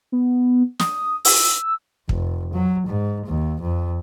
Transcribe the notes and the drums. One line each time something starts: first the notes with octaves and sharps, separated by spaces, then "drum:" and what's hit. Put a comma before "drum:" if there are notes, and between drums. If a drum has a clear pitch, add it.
B3
D#6, drum: snare
E6, drum: open hi-hat
F1, drum: kick
F#3
G#2
D#2
F2